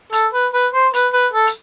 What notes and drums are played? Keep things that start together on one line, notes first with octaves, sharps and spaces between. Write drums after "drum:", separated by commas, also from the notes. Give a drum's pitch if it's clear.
A4, drum: hi-hat
B4
B4
C5
B4, drum: hi-hat
B4
A4
drum: hi-hat